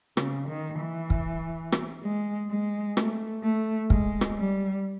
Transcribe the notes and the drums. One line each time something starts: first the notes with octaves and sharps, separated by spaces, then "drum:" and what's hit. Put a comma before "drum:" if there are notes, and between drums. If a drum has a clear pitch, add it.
C#3, drum: rim click
D#3
E3
drum: kick
drum: rim click
G#3
G#3
A3, drum: rim click
A3
G#3, drum: kick
drum: rim click
G3